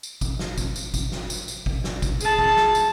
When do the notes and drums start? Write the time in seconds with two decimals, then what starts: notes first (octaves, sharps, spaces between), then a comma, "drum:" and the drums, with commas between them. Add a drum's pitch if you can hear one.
0.03 drum: tambourine
0.21 drum: kick, tambourine
0.39 drum: snare
0.58 drum: kick, tambourine
0.76 drum: tambourine
0.94 drum: kick, tambourine
1.12 drum: snare
1.30 drum: tambourine
1.48 drum: tambourine
1.66 drum: kick
1.84 drum: snare
2.02 drum: kick, tambourine
2.20 G#4 A5, drum: tambourine
2.39 drum: kick
2.57 drum: snare
2.75 drum: tambourine